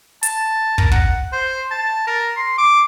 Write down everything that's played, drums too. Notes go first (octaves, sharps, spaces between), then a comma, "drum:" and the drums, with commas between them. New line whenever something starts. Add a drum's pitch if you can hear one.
A5, drum: hi-hat
A#4, drum: kick
F#5, drum: kick
C5
A5
A#4
C6
D6